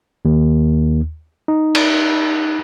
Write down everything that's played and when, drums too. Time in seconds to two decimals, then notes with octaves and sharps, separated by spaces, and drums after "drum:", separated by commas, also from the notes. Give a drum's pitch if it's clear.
0.25 D#2
1.48 D#4
1.75 drum: cymbal